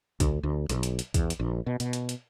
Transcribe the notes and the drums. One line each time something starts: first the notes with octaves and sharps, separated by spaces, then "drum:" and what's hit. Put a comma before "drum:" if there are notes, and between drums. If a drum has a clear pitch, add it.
D2, drum: kick, hi-hat
D2
B1, drum: hi-hat
drum: hi-hat
drum: hi-hat
E2, drum: kick, hi-hat
drum: hi-hat
A#1
B2
B2, drum: hi-hat
drum: hi-hat
drum: hi-hat